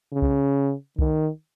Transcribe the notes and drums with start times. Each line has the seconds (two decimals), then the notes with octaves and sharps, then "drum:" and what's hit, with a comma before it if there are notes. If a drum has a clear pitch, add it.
0.12 C#3
0.22 drum: kick C2
0.99 D#3, drum: kick C2